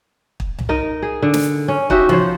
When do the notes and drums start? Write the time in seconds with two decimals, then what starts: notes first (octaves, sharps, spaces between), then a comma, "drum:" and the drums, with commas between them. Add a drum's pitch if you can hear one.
0.40 drum: kick
0.59 drum: tom C2
0.69 D#4 A#4 D#5
1.02 G#4
1.22 D3
1.34 drum: snare
1.68 C#4
1.90 D#4 F#4 G4 E5, drum: kick
2.09 F3 C5 C#5, drum: tom C3